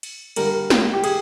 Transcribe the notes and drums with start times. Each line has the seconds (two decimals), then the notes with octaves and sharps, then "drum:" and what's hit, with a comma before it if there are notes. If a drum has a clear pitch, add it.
0.03 drum: cymbal
0.36 D3 G3 A#3 A#4, drum: cymbal
0.70 drum: snare
0.93 G4
1.04 G#4, drum: cymbal